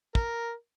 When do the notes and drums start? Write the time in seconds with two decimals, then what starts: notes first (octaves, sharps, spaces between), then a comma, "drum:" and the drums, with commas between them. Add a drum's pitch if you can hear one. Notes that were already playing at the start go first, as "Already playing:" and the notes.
0.15 A#4, drum: kick